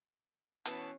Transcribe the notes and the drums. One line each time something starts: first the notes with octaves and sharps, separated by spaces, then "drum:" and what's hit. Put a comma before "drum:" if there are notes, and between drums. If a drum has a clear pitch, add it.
B2 E3 B3 C#4 A5, drum: hi-hat